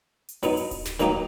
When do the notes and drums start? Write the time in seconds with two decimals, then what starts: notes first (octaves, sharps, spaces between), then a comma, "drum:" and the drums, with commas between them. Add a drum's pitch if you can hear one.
0.29 drum: hi-hat
0.43 F#3 B3 D#4, drum: open hi-hat
0.57 drum: open hi-hat
0.71 drum: kick D1, open hi-hat
0.85 drum: snare
1.00 D#3 F#3 A#3 D#4 G4, drum: hi-hat